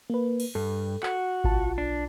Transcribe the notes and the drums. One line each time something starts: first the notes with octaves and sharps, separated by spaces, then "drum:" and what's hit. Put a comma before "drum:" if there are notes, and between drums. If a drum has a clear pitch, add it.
A#3 B4
drum: cymbal
G2 A4
F#4, drum: clap
B1 F4 A5, drum: kick G#1
D4